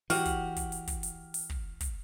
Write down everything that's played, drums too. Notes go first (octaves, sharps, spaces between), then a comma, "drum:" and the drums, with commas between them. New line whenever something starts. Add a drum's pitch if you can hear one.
E3 F#4 G4 F6, drum: open hi-hat
drum: kick, hi-hat
drum: kick, hi-hat
drum: hi-hat
drum: kick, hi-hat
drum: hi-hat
drum: open hi-hat
drum: kick
drum: kick, hi-hat